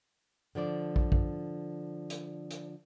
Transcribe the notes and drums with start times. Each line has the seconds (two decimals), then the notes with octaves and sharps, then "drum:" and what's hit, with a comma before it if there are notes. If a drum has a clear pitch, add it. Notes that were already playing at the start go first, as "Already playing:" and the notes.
0.55 D3 F3 D4 D5
0.96 drum: kick
1.12 drum: kick
2.10 drum: hi-hat
2.51 drum: hi-hat